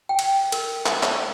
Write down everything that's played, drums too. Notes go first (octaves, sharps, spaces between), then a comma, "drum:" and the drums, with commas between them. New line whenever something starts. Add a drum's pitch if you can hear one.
G5
drum: cymbal
A#4, drum: cymbal
drum: clap
drum: clap